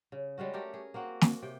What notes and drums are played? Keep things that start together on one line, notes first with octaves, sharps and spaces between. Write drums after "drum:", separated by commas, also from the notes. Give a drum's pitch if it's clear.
C#3
G3 G#3 C#4 F#4
A3 G4 A#4
G#4
A#3 C4 F#4 F#5
drum: snare
C3 G5